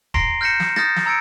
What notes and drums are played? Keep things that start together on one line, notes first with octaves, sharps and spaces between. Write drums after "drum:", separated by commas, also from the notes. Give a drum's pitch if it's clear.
A#5 C6 A#6 C7 D7, drum: kick
F6 G6 A#6 C#7 E7
drum: snare
D#6 F6 G6 A6 A#6, drum: rim click
drum: snare
A#5 E6 G#6 C#7 D7